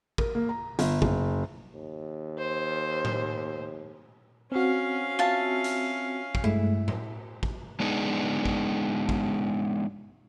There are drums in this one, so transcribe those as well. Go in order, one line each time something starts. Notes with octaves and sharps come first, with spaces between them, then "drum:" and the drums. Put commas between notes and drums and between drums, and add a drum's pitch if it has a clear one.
A#4, drum: kick
A#3
A#5
G1, drum: hi-hat
F#1, drum: kick
D#2
C5
drum: tom A2
C4 C#4 F#4 F5
F4 E5 A5
drum: hi-hat
drum: kick
G2 G#3 A3 E4
drum: tom A2
drum: kick
G#3 B3 D4 D#4 G#4
drum: kick
drum: kick